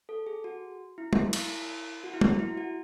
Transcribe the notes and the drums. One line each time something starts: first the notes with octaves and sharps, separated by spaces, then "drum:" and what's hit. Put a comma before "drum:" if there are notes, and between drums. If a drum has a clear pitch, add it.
A4
G#4
F#4
E4
drum: tom
E4, drum: cymbal
F#4
E4
F#4, drum: tom
E4
F#4